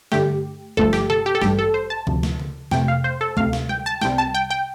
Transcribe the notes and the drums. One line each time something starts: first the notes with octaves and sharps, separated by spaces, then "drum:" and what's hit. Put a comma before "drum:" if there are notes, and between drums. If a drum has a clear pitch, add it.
G2 D3 A3 G4, drum: snare
G1 G2 F3 A3 A4, drum: kick
G4, drum: snare
A4, drum: tom C3
G4
A4
A1 G2 G3 G4, drum: snare
A4
C5
A5
D2 C3 F3, drum: kick
drum: snare
drum: tom C#3
F2 C3 A3 G5, drum: snare
F5
C5
A4
D2 C3 A3 F5, drum: kick
drum: snare
G5, drum: tom G3
A5
C2 C3 G3 G5, drum: snare
A5
G5
G5